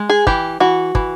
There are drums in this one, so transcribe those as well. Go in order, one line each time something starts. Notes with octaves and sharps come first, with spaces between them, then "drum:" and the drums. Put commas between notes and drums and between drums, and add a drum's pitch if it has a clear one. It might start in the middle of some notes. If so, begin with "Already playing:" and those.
Already playing: G#3
G#4
E3 G4, drum: kick
E3 F#4
E3, drum: kick